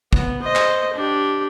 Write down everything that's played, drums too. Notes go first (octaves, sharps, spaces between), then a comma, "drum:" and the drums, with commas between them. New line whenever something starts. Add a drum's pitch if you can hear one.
B3, drum: kick
C5 D#5
drum: clap
D4 G4